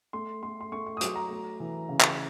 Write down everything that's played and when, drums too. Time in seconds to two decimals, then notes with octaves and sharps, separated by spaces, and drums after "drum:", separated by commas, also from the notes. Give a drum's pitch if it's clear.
0.13 A3 C6
0.43 A3 C6
0.61 C6
0.72 A3 C#6
0.87 C#6
0.97 D#6
1.01 F#3 D6, drum: hi-hat
1.16 A#5
1.30 A3
1.60 E3
1.89 C#3
2.00 drum: clap